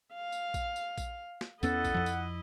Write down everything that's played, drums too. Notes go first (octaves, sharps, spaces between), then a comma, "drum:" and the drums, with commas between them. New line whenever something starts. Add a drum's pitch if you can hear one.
F5
drum: tambourine
drum: kick A#1, tambourine
drum: tambourine
drum: kick A#1, tambourine
drum: snare
E2 B3 C#4 E4 A4 D#5 F#5, drum: tambourine
drum: kick A#1, tambourine
F2 F3
drum: tambourine